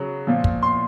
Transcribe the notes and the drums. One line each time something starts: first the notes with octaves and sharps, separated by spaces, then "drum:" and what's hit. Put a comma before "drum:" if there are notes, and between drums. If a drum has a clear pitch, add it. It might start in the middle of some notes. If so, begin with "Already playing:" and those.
Already playing: C#3 F#3
A#2 F3
drum: kick
C6